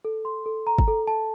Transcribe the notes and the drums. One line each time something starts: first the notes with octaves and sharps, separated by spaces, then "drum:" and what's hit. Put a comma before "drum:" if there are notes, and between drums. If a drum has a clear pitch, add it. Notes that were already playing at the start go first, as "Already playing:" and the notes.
A4
C6
A4
A#5
drum: kick
A4
A5